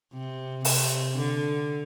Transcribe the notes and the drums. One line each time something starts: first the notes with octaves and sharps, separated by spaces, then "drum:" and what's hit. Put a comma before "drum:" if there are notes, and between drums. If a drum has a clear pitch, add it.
C3
C3, drum: open hi-hat
D3